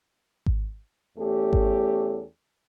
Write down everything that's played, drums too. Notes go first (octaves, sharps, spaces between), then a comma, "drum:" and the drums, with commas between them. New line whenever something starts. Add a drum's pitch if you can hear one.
drum: kick G#1
E2 A3 C#4 G4
drum: kick G#1